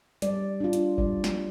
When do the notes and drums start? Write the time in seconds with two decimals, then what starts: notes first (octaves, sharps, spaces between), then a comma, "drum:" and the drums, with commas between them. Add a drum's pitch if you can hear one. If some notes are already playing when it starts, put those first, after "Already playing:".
0.22 G3 D5, drum: hi-hat
0.60 D4 F4
0.73 drum: hi-hat
0.98 G3 D5, drum: kick G1
1.24 drum: snare